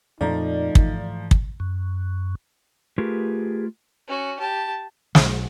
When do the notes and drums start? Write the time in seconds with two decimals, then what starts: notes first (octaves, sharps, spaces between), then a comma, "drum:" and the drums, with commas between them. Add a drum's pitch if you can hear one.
0.21 F2 A#2 F3 A3 C4 D#4 D5 A#5
0.75 G#2 E3, drum: kick
1.31 drum: kick
1.60 F#2
2.98 A3 F4 G4 G#4 A#4 B4
4.07 C#4 F#4
4.40 G4 A5
5.15 B1, drum: snare